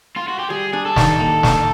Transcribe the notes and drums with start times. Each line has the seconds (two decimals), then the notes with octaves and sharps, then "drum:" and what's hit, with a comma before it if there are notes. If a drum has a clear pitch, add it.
0.16 F4
0.28 F#4
0.39 G4
0.50 G3 G#4
0.73 D4 G#4
0.86 A4
0.96 D#3, drum: snare
1.19 A#3
1.43 A#3, drum: snare